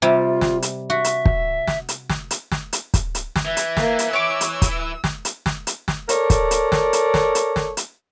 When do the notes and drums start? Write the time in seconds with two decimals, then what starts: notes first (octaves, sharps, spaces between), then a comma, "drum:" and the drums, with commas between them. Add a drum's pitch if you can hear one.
0.02 C3 G3 F4
0.41 drum: snare
0.62 drum: hi-hat
0.90 F#4 E5
1.04 drum: hi-hat
1.25 drum: kick
1.68 drum: snare
1.89 drum: hi-hat
2.10 drum: snare
2.31 drum: hi-hat
2.52 drum: snare
2.73 drum: hi-hat
2.94 drum: kick, hi-hat
3.15 drum: hi-hat
3.36 drum: snare
3.45 E3 E5
3.57 drum: hi-hat
3.77 A#3, drum: snare
3.99 drum: hi-hat
4.13 C#5 D6 E6
4.41 drum: hi-hat
4.62 drum: kick, hi-hat
5.04 drum: snare
5.25 drum: hi-hat
5.46 drum: snare
5.67 drum: hi-hat
5.88 drum: snare
6.09 A4 A#4 C#5 D5, drum: hi-hat
6.30 drum: kick, hi-hat
6.51 drum: hi-hat
6.72 drum: snare
6.93 drum: hi-hat
7.14 drum: snare
7.35 drum: hi-hat
7.56 drum: snare
7.77 drum: hi-hat